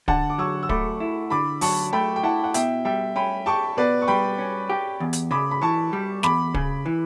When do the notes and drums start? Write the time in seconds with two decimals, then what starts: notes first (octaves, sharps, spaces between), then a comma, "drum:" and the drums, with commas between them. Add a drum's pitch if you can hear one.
0.08 D3 F#5 A5, drum: kick
0.30 D6
0.38 F#3 C#6 E6
0.63 E6
0.69 A3 B5 D6, drum: kick
1.00 E4
1.30 D3 B5 D6
1.61 F#3 A5 C#6, drum: open hi-hat
1.93 A3 G5 B5
2.16 G5
2.23 E4 F#5 A5
2.44 F#5
2.54 B2 E5 G5, drum: hi-hat
2.85 G3 E5 G5
3.16 C#4 G5 B5
3.46 G4 A5 C#6
3.77 B2 B4 D5
4.02 C#6
4.08 G3 G5 B5
4.38 C#4
4.70 G4
5.00 E2
5.13 drum: hi-hat
5.31 C#3 B5 D6
5.51 B5
5.61 E3 A5 C#6
5.93 G3
6.23 E2 B5 D6, drum: snare
6.54 C#3, drum: kick
6.86 E3